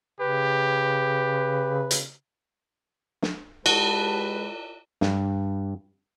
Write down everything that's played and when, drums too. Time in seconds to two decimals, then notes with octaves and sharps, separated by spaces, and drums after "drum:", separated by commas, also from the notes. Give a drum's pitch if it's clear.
0.20 C#3 G4 B4
1.91 drum: hi-hat
3.22 drum: snare
3.66 G#3 F#4 G4 B4 A5, drum: cymbal
5.01 G2, drum: snare